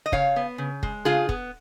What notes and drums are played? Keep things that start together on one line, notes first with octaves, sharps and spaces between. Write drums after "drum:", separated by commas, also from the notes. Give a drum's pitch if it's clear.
D#5
C#3 C#5 F5, drum: kick
B3
C#3
G#3, drum: kick
C#3 F4 G#4
B3, drum: kick